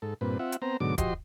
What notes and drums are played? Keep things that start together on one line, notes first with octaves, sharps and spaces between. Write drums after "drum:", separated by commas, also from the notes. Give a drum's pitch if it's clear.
G#2 A4
G2 A#2 C4 B4
C4 F4 E5 F#5
drum: hi-hat
B3 C4 C5 A#5
G#2 B2 D3 F#3 D6
F3 F#4 G4 D#5 C6, drum: kick, hi-hat